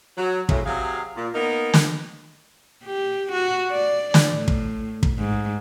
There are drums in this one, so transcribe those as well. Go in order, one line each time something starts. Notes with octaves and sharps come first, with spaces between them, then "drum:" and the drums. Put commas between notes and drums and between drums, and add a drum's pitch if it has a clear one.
F#3
D2 A2 C#3 F#3 G#3 A3, drum: kick
C3 F#3 G#4 F5
A#2
A#3 B3 D#4 A#4
drum: snare
G4
F#4
D5
drum: snare
A2
drum: kick
drum: kick
G#2